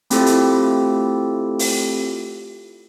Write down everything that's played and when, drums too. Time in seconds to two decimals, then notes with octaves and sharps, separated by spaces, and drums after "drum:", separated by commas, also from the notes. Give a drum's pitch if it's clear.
0.10 A3 C4 E4 F4 G4 A4, drum: hi-hat
0.26 drum: hi-hat
1.59 drum: open hi-hat